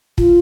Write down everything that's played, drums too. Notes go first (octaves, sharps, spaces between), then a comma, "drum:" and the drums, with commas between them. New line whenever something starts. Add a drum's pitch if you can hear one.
F4, drum: kick